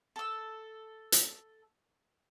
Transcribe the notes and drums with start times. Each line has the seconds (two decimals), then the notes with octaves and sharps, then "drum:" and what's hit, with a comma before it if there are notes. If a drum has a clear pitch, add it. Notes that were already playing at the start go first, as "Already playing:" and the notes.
0.16 A4 E6
1.12 drum: hi-hat